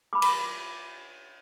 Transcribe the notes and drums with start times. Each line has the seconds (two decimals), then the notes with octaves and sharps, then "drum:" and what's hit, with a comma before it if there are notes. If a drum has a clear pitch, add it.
0.13 B5 D6
0.22 drum: cymbal